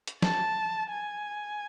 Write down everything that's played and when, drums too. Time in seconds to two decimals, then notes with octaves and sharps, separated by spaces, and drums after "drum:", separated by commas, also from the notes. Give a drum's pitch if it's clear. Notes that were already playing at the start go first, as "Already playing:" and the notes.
0.07 drum: hi-hat
0.22 A5, drum: snare
0.90 G#5